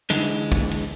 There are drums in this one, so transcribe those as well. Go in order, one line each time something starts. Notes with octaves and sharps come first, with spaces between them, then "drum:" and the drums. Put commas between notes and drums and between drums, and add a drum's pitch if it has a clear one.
D3 E3 G#3, drum: snare
drum: kick
drum: cymbal